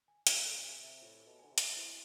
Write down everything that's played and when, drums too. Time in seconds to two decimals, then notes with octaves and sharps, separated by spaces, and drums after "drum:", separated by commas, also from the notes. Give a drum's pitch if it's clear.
0.08 G#5
0.27 A2 F4, drum: hi-hat
0.46 A4
0.64 C3 G#5
0.83 E5
1.02 A2 F4
1.20 A4
1.27 B2
1.39 D3 G#5
1.52 C3
1.58 E5, drum: hi-hat
1.76 B2 E4